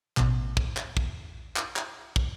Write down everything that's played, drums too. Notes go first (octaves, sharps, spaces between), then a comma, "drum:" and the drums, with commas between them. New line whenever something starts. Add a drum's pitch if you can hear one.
A1 B2, drum: clap
drum: kick
drum: clap
drum: kick
drum: clap
drum: clap
drum: kick